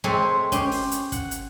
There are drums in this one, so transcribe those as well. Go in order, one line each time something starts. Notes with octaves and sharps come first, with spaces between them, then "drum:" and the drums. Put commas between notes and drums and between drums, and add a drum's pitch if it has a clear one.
G#3 C4 A4 C#5 E5 A#5
C#4 G4 C5, drum: kick, hi-hat
drum: open hi-hat
drum: hi-hat
F#5, drum: kick, hi-hat
drum: hi-hat